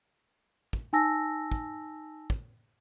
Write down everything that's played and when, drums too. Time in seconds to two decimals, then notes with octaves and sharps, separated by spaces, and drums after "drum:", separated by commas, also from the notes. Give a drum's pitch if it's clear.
0.73 drum: kick
0.93 D#4 G#5 A5 E6 A#6
1.52 drum: kick
2.30 drum: kick